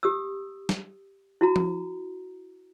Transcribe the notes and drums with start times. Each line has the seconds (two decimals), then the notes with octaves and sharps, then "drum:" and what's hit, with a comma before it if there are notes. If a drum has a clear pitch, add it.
0.03 G4 D#6 E6
0.69 drum: snare
1.41 E4 F#4 A#5
1.56 drum: tom F3